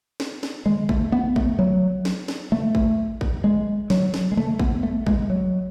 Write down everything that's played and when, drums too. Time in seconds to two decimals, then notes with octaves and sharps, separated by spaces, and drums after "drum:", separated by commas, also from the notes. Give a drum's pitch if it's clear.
0.20 drum: snare
0.43 drum: snare
0.66 G#3, drum: tom D3
0.89 A3, drum: kick A1
1.12 B3
1.36 A3, drum: kick A1
1.59 F#3
2.05 drum: snare
2.28 drum: snare
2.52 A3, drum: tom C3
2.75 drum: kick A1
3.21 drum: kick A1
3.44 G#3
3.90 F#3, drum: snare
4.14 drum: snare
4.32 G#3
4.37 A3, drum: tom C3
4.59 B3, drum: kick A1
4.83 A3
5.07 G#3, drum: kick A1
5.30 F#3